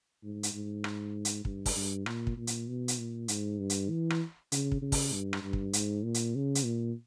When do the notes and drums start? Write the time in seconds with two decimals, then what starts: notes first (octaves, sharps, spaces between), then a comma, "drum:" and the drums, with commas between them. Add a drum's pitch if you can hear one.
0.23 G#2
0.43 drum: hi-hat
0.53 G#2
0.84 drum: rim click
1.25 drum: hi-hat
1.45 G2, drum: kick
1.66 drum: kick, open hi-hat
1.75 G2
2.06 A#2, drum: rim click
2.27 drum: kick
2.37 A#2
2.47 drum: hi-hat
2.68 B2
2.88 drum: hi-hat
2.98 A#2
3.28 G#2, drum: hi-hat
3.59 G2
3.70 drum: hi-hat
3.90 E3
4.10 drum: rim click
4.52 C#3, drum: hi-hat
4.72 drum: kick
4.82 C#3
4.92 drum: kick, open hi-hat
5.13 G2
5.33 drum: rim click
5.43 G2
5.53 drum: kick
5.73 G#2, drum: hi-hat
6.04 A#2
6.14 drum: hi-hat
6.35 C#3
6.55 drum: hi-hat
6.65 A#2